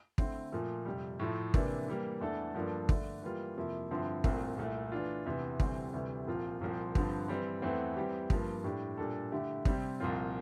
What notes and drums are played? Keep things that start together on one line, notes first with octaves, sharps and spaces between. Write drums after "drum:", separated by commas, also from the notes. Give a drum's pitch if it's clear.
D3 A3 C4 E4, drum: kick
A#2 F3 A3
F2 C3 G3
A2 F3 A3
C3 E3 A#3 D4, drum: kick
E3 G3 A#3
E2 E3 A3 D4 A4
G2 F3 A#3 D4 A4
D3 A3 D4, drum: kick
E3 G3 A#3 F4
F2 C3 F3 A#3 E4
G2 D3 F3 C4 E4
C2 A#2 A3 C4, drum: kick
C2 A#2 A3 E4
E3 A3 D4 F4
E2 C3 E3
D2 C3 E3 G3 C4, drum: kick
D2 C3 E3 G3
C2 A#2 F3 C4 F4
C2 A#2 F3 C4
G2 D3 F3 C4, drum: kick
E3 G3 C4
E2 E3 A3 C4
E3 G3 C4 G4
G2 F3 A#3, drum: kick
A2 G3 D4 G4
A#2 G3 D4 A4
D3 A3 E4 G4
C3 G3 C4, drum: kick
C2 A#2 F3 C4 F4